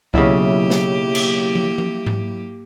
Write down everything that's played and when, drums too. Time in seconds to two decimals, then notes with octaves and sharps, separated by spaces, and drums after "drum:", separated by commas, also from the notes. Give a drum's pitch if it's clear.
0.14 B1 C#3 F#3 A#3 E4 G4 E5, drum: kick C2
0.70 drum: snare
1.15 drum: cymbal
1.55 drum: tom F3
1.78 drum: tom F3
2.06 drum: tom G#2